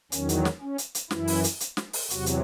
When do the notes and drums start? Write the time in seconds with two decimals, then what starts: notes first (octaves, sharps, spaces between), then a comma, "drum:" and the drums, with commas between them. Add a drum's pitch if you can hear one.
0.12 E2 D#3 F#3 C#4, drum: hi-hat
0.29 drum: hi-hat
0.45 drum: snare
0.62 C#4
0.78 drum: hi-hat
0.95 drum: hi-hat
1.11 F#2 E3 E4, drum: snare
1.28 drum: open hi-hat
1.44 drum: hi-hat
1.60 drum: hi-hat
1.77 drum: snare
1.93 drum: open hi-hat
2.10 E2 C3 F#3 F#4, drum: hi-hat
2.26 drum: hi-hat